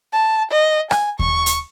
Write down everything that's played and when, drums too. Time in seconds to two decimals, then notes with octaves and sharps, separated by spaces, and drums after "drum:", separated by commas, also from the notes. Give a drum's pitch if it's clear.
0.13 A5
0.51 D#5
0.91 G#5, drum: rim click
1.19 C#6, drum: kick D#2
1.46 drum: hi-hat